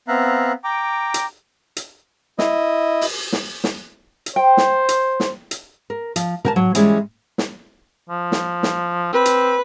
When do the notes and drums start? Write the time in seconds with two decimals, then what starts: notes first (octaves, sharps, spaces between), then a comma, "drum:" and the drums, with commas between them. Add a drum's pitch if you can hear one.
0.08 B3 C4 E5 F5 A#5 F#6
0.64 G5 A#5 D6
1.14 drum: hi-hat
1.76 drum: hi-hat
2.39 E4 D#5, drum: snare
3.01 drum: open hi-hat
3.33 drum: snare
3.64 drum: snare
4.26 drum: hi-hat
4.36 C5 G5
4.57 drum: snare
4.89 drum: hi-hat
5.20 drum: snare
5.51 drum: hi-hat
5.90 A#4
6.16 F3, drum: hi-hat
6.45 A#4 G5 A5, drum: tom
6.56 F#3
6.75 E3 G3 G#3 C#4, drum: hi-hat
7.38 drum: snare
8.09 F3
8.32 drum: snare
8.63 drum: snare
9.13 C4 B4
9.25 drum: hi-hat